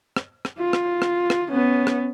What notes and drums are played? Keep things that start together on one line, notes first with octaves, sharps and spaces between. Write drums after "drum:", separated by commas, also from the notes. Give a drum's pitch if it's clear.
drum: rim click
drum: rim click
F4
drum: rim click
drum: rim click
drum: rim click
B3 C#4
drum: rim click